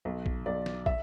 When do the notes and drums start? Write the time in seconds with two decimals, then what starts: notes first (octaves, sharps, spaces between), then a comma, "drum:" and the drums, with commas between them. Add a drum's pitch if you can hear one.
0.05 B1
0.26 drum: kick
0.46 B1 D5
0.66 drum: snare
0.86 E5, drum: kick